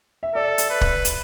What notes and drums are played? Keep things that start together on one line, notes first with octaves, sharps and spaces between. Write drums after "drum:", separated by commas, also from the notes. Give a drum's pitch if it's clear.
E5
A4 D5
drum: hi-hat
B4
drum: kick
drum: hi-hat